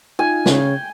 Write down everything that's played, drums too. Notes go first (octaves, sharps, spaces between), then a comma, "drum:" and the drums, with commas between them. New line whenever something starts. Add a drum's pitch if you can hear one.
D#4 F4 G#5
C#3, drum: snare
G5